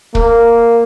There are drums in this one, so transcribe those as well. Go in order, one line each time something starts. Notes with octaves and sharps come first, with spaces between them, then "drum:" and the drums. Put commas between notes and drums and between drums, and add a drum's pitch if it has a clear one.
A#3, drum: kick